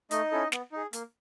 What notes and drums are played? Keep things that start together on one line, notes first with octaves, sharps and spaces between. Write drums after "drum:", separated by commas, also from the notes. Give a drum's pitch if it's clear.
A3 D#4 D#5, drum: hi-hat
C#4 E4 A4
B3, drum: snare
D#4 G#4
A#3, drum: hi-hat